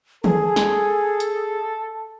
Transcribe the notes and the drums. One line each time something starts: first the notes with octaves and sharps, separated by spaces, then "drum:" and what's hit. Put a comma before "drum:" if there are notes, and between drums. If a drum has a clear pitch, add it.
G#4 A4, drum: tom D#3
drum: snare
drum: hi-hat